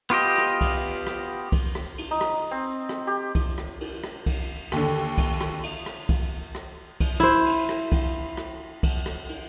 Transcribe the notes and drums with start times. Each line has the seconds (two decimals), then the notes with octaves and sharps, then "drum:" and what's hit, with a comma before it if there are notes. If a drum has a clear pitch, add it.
0.10 B3 F4 G4 D#5
0.38 drum: rim click
0.61 drum: kick, cymbal
1.07 drum: rim click
1.52 drum: kick, cymbal
1.75 drum: rim click
1.98 drum: cymbal
2.11 D#4
2.21 drum: rim click
2.51 C4
2.89 drum: rim click
3.07 G4
3.35 drum: kick, cymbal
3.58 drum: rim click
3.81 drum: cymbal
4.04 drum: rim click
4.26 drum: kick, cymbal
4.72 D#2 D3, drum: rim click
5.18 drum: kick, cymbal
5.41 drum: rim click
5.63 drum: cymbal
5.86 drum: rim click
6.09 drum: kick, cymbal
6.55 drum: rim click
7.00 drum: kick, cymbal
7.20 E4 C5
7.46 drum: cymbal
7.69 drum: rim click
7.92 drum: kick, cymbal
8.37 drum: rim click
8.83 drum: kick, cymbal
9.06 drum: rim click
9.29 drum: cymbal